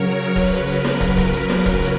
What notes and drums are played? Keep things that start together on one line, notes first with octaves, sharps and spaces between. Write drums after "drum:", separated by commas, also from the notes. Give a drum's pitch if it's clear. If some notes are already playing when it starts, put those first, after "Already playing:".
Already playing: C#3 F#3 A#4 C#5
C#3 F#3 B4, drum: kick, hi-hat
drum: hi-hat
A#4, drum: hi-hat
drum: snare
drum: kick, hi-hat
drum: kick, hi-hat
drum: hi-hat
drum: snare
drum: kick, hi-hat
drum: hi-hat